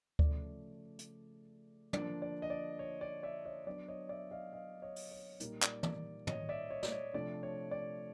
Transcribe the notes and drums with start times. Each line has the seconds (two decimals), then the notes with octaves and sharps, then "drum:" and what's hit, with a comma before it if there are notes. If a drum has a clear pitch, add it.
0.19 C#3 F3 A3 D5, drum: kick D2
0.99 drum: hi-hat
1.93 D3 F3 A#3 D4 D5, drum: tom
2.22 D5
2.42 D#5
2.50 D5
2.79 C#5
3.01 D5
3.23 D5 E5
3.45 C#5 D#5
3.66 F#3 B3 D4 D5
3.88 C#5 D#5
4.09 D5 E5
4.31 D#5 F5
4.53 D#5 F5
4.82 C#5 D#5
4.96 drum: open hi-hat
5.12 C#5
5.40 A#2 G3 A#3 D#4, drum: hi-hat
5.62 D5, drum: clap
5.83 D5, drum: tom
6.27 C#5 D#5, drum: tom
6.49 D5 E5
6.70 C#5 D#5
6.83 D5, drum: snare
6.92 C#5 D#5
7.13 C3 F3 A3 D4 D5
7.43 C#5
7.71 D5